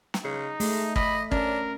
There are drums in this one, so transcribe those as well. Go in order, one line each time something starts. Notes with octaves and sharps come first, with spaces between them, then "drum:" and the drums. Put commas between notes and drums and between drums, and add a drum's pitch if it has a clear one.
drum: snare
C#3 D#4
G#3 A3, drum: open hi-hat
D#5 B5, drum: kick
C#4 D4 A#4, drum: kick